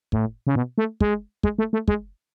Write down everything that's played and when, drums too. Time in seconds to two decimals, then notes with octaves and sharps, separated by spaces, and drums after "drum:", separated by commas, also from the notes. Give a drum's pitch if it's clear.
0.12 A2, drum: kick
0.47 C#3
0.56 B2
0.78 A3
1.00 G#3, drum: kick
1.43 G#3, drum: kick
1.58 A3
1.73 A3
1.88 G#3, drum: kick